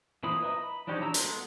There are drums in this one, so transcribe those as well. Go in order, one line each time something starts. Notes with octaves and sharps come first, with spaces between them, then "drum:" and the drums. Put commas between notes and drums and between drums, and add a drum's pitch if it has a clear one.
E3 A#3 F4 B5 D#6
B4 D#5 E5 A#5 D#6
B5
F3 D4 D#4 G4 C#5
E3 D4 A#5 E6
G#3 B3 A4 C6, drum: hi-hat